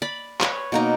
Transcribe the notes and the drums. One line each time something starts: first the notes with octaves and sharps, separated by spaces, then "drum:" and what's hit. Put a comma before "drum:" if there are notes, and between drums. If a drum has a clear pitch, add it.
D5 B5
B4 C#5, drum: clap
B2 A#3 D#4